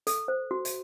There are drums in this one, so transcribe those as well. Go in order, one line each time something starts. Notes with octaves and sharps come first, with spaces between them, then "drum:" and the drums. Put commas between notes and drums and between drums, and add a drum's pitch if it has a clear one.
A4, drum: hi-hat
C5
F#4
drum: hi-hat